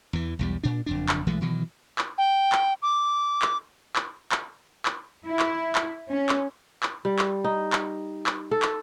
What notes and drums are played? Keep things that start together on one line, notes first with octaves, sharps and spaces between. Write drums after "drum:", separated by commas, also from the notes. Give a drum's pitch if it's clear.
E2 E3
B1 E2 G3
A#2 D4
F#1 F2 D4
drum: clap
B1 E3 G#3 A3
B2 D#3 E3 F#3
drum: clap
G5
drum: clap
D6
drum: clap
drum: clap
drum: clap
drum: clap
E4
drum: clap
drum: clap
C#4
drum: clap
drum: clap
G3
drum: clap
D#4
drum: clap
drum: clap
A4
drum: clap